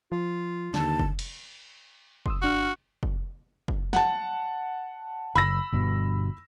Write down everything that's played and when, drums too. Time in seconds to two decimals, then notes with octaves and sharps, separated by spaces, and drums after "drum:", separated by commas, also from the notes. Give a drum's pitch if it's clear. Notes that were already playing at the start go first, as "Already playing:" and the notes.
0.12 F3 F4
0.74 D#2 D3 A5, drum: snare
0.99 drum: kick
1.19 drum: cymbal
2.26 C6 D#6 E6, drum: kick
2.42 G1 D4 F#4 F6
3.03 drum: kick
3.68 drum: kick
3.93 F#5 A5, drum: snare
5.35 F#1 B5 E6 A#6
5.73 G1 G2 B2